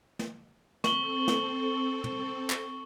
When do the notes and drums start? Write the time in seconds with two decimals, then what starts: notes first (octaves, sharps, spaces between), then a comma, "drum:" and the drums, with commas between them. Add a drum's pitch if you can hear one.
0.19 drum: snare
0.84 C4 A4 C#6 F#7 G7, drum: snare
1.28 drum: snare
2.04 drum: tom
2.50 drum: clap